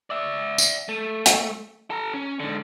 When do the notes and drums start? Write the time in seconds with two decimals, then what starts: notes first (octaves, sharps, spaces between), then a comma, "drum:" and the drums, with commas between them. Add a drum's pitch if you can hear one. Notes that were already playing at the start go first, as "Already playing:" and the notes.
0.10 D5 E5
0.58 drum: tambourine
0.89 A3
1.26 drum: hi-hat
1.90 A4 A#5
2.14 C#4
2.39 G#2 D3